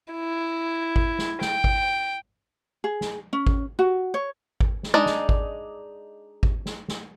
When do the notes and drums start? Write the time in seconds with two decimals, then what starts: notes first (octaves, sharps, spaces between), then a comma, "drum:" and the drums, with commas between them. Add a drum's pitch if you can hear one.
0.13 E4
0.96 drum: kick G#1
1.19 drum: snare
1.41 G5, drum: snare
1.64 drum: kick G#1
2.84 G#4
3.01 drum: snare
3.33 C#4
3.47 drum: kick G#1
3.79 F#4
4.14 C#5
4.61 drum: kick G#1
4.83 drum: snare
4.94 G#3 D4 D#4 D5 A#5
5.06 drum: snare
5.29 drum: kick G#1
6.43 drum: kick G#1
6.66 drum: snare
6.88 drum: snare